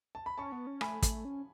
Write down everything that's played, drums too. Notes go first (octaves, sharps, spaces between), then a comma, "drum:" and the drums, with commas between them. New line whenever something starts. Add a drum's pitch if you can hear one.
A5
B5
C#4 A5 C#6
B3
C#4
A3 G#5 B5, drum: rim click
A3, drum: kick, hi-hat
C#4